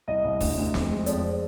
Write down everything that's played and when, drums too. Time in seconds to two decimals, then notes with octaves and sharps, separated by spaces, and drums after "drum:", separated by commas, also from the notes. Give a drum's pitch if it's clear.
0.08 C2 D#5
0.24 C2
0.40 D2, drum: kick, open hi-hat
0.57 D2
0.74 F2, drum: snare
0.90 G#3
1.06 F2 D5, drum: hi-hat